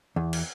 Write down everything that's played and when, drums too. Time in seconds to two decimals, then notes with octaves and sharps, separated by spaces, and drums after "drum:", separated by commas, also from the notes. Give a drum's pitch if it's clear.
0.16 E2
0.33 drum: cymbal